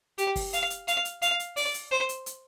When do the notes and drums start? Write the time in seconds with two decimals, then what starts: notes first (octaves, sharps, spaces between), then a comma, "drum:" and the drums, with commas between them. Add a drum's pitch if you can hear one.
0.18 G4, drum: hi-hat
0.36 drum: kick, open hi-hat
0.53 F5, drum: hi-hat
0.70 drum: hi-hat
0.88 F5, drum: hi-hat
1.05 drum: hi-hat
1.22 F5, drum: hi-hat
1.40 drum: hi-hat
1.57 D5, drum: open hi-hat
1.74 drum: hi-hat
1.91 C5
2.09 drum: hi-hat
2.26 drum: hi-hat